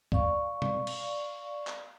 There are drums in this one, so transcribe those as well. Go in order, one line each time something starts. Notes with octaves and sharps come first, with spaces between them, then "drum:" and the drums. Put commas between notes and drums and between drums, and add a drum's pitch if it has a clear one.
D5 F5 C#6, drum: kick
drum: tom B2
drum: cymbal
drum: clap